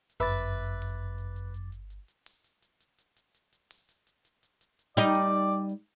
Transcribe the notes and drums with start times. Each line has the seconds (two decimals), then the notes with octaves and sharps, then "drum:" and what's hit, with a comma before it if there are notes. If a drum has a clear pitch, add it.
0.10 drum: hi-hat
0.20 G1 F#2 B4 E5 D6 A6
0.46 drum: hi-hat
0.64 drum: hi-hat
0.82 drum: open hi-hat
1.18 drum: hi-hat
1.36 drum: hi-hat
1.54 drum: hi-hat
1.72 drum: hi-hat
1.90 drum: hi-hat
2.08 drum: hi-hat
2.26 drum: open hi-hat
2.44 drum: hi-hat
2.62 drum: hi-hat
2.80 drum: hi-hat
2.98 drum: hi-hat
3.17 drum: hi-hat
3.35 drum: hi-hat
3.53 drum: hi-hat
3.71 drum: open hi-hat
3.89 drum: hi-hat
4.07 drum: hi-hat
4.25 drum: hi-hat
4.43 drum: hi-hat
4.61 drum: hi-hat
4.79 drum: hi-hat
4.97 G3 D#4 D5
5.15 drum: open hi-hat
5.33 drum: hi-hat
5.51 drum: hi-hat
5.69 drum: hi-hat